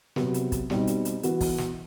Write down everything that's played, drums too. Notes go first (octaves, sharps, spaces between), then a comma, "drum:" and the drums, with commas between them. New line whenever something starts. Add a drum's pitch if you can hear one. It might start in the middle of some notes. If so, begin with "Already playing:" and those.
C3 F#3 B3, drum: snare
drum: hi-hat
drum: kick, hi-hat
B2 G3 C4 D#4, drum: snare
drum: hi-hat
drum: hi-hat
E3 B3 F#4, drum: hi-hat
drum: kick, open hi-hat
drum: snare